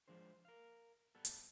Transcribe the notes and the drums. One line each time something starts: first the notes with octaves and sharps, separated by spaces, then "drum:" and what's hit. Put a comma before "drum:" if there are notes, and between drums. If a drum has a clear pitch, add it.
F3 G#3 D4 C5
A#4 F5
G3 B3 A4
drum: hi-hat